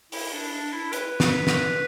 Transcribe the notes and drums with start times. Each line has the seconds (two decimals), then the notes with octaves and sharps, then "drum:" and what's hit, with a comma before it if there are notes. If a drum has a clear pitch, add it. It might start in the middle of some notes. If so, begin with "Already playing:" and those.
0.12 E4, drum: open hi-hat
0.33 D4
0.52 D4
0.73 E4
0.93 B4, drum: hi-hat
1.20 drum: snare
1.47 drum: snare